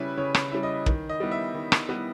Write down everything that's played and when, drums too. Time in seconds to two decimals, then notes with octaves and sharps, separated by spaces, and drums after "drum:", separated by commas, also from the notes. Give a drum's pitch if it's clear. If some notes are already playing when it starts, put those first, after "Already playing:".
Already playing: C#3 G3 C#4 E4 B4
0.17 C#3 C#5
0.35 drum: rim click
0.51 G3 C#4 E4
0.63 D#5
0.86 D#3, drum: kick
1.09 D#5
1.20 G3 B3 E4
1.31 E5
1.55 D#3
1.72 drum: rim click
1.89 G3 B3 E4